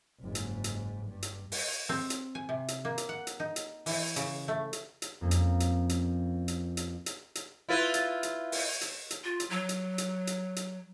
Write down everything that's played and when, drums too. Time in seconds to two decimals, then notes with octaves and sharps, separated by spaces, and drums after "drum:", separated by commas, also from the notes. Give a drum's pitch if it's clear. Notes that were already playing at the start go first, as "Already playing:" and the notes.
0.20 F#1 G#2
0.35 drum: hi-hat
0.64 drum: hi-hat
1.07 G2
1.22 drum: hi-hat
1.52 drum: open hi-hat
1.89 C4
2.10 drum: hi-hat
2.35 G#5
2.49 C3
2.68 drum: hi-hat
2.85 A#3
2.98 drum: hi-hat
3.09 F#5
3.27 drum: hi-hat
3.40 D#4
3.56 drum: hi-hat
3.86 E3, drum: open hi-hat
4.16 C#3, drum: hi-hat
4.48 A3
4.73 drum: hi-hat
5.02 drum: hi-hat
5.21 F2 A#3 C#4
5.31 drum: hi-hat
5.60 drum: hi-hat
5.89 drum: hi-hat
6.48 drum: hi-hat
6.77 drum: hi-hat
7.06 drum: hi-hat
7.35 drum: hi-hat
7.69 E4 F4 B4
7.94 drum: hi-hat
8.23 drum: hi-hat
8.52 drum: open hi-hat
8.81 drum: hi-hat
9.11 drum: hi-hat
9.24 F4
9.40 drum: hi-hat
9.50 F#3
9.69 drum: hi-hat
9.98 drum: hi-hat
10.27 drum: hi-hat
10.56 drum: hi-hat